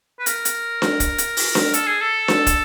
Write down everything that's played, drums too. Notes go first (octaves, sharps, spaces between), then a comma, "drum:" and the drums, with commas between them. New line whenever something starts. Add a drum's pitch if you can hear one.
B4
A#4, drum: hi-hat
drum: hi-hat
drum: snare D4
drum: kick, hi-hat
drum: hi-hat
drum: open hi-hat
drum: snare D4
A4, drum: hi-hat
G#4
A4
drum: snare D4
drum: kick, hi-hat